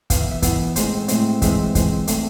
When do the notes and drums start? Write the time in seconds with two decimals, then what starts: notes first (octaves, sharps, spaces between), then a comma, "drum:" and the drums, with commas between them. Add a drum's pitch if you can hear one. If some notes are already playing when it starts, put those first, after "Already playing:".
0.10 E3 B3 F5, drum: kick, hi-hat
0.21 E5
0.31 E5
0.42 E3 B3 E5, drum: kick, hi-hat
0.76 A2 G#3 C4 C5, drum: hi-hat
1.08 A2 G#3 C4 C5, drum: hi-hat
1.42 E3 G#3 C4 E5, drum: kick, hi-hat
1.75 E3 G#3 C4, drum: kick, hi-hat
2.07 B2 A3 C4 D5, drum: hi-hat